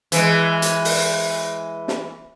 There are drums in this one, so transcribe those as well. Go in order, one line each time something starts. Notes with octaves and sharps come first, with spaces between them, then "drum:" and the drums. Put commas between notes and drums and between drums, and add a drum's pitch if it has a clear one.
E3 G#3, drum: hi-hat
drum: hi-hat
drum: open hi-hat
drum: snare